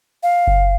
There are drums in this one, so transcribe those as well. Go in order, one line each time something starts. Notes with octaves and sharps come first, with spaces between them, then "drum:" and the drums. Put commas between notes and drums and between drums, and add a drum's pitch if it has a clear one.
F5
drum: kick F#1